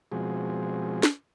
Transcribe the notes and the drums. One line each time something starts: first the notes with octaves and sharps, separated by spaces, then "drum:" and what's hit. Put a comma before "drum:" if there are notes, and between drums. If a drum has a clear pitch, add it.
B2 F3 G#3 C4 F#4 G#4
drum: snare